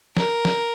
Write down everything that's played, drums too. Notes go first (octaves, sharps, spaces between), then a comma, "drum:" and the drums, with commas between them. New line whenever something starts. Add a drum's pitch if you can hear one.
A#4, drum: snare
drum: snare